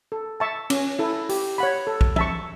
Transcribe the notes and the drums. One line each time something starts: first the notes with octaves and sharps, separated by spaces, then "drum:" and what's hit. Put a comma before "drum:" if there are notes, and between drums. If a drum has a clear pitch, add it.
A4
E5 A5 C#6
C#4, drum: cymbal
E4 A4
G4, drum: open hi-hat
C#5 F#5 B5
A4
drum: kick B1
E5 A5 C#6, drum: tom